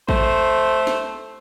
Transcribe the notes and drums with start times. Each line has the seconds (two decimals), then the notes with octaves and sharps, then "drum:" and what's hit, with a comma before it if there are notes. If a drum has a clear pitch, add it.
0.09 A3 C5, drum: kick A1
0.87 drum: snare